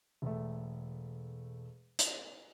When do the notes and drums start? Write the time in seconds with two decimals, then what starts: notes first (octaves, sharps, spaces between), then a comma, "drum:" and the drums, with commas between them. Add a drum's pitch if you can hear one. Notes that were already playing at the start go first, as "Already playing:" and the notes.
0.22 E1 A3
1.99 drum: hi-hat